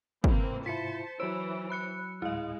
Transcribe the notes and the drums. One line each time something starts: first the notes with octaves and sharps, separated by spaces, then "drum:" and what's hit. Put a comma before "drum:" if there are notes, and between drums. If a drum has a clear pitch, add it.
G#2 C3 E3 A#3 C4, drum: kick
E4 F4 C5 A5 B6 C#7
E3 F#3 C5 C#5 E6 D7
B5 F#6 C#7
D2 A2 G#3 E4 F5